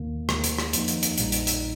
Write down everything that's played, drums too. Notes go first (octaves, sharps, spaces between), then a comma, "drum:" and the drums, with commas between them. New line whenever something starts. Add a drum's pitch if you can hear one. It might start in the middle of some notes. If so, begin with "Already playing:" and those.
Already playing: D#2 D#3 A#3
D#2 D#3 A#3, drum: rim click
drum: hi-hat
drum: rim click
F2 F3 A#3 D#4, drum: hi-hat
drum: hi-hat
drum: hi-hat
A#1 A#2 G3 D#4, drum: hi-hat
drum: hi-hat
drum: hi-hat